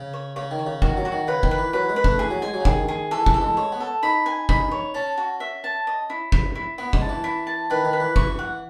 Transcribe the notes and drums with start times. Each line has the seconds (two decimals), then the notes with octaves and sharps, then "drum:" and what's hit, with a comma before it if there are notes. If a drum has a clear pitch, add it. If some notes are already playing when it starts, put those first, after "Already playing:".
Already playing: C#3
0.13 C#5
0.36 C#3 C#5
0.51 D#3
0.59 C#5
0.67 C#3
0.82 D#3 F#4, drum: kick
0.97 F#3
1.05 F#4
1.12 D#3
1.27 C#3 B4
1.43 D#3, drum: kick
1.51 B4
1.58 E3
1.73 F#3 B4
1.89 G#3
1.96 B4
2.04 A3, drum: kick
2.19 E3 G#4
2.31 F#3
2.42 G#3 G#5
2.54 F#3
2.60 C#3
2.65 D#3 G#4, drum: kick
2.88 G#4
3.11 E3 A4
3.26 E3, drum: kick
3.34 A4
3.41 G#3
3.57 G#3 C#5
3.72 B3
3.80 A4
4.03 D#4 B5
4.26 G#5
4.49 D#4 B5, drum: kick
4.71 C#5
4.94 C#4 A5
5.17 F#4
5.40 E5
5.64 A5
5.87 D#5
6.10 E4
6.32 E4, drum: kick
6.55 E4
6.78 B3 E4
6.93 G#3, drum: kick
7.01 A5
7.09 E3
7.24 E4
7.47 A5
7.70 D#3 B4
7.85 D#3
7.93 B4
8.00 E3
8.16 E3 C#6, drum: kick
8.39 F#5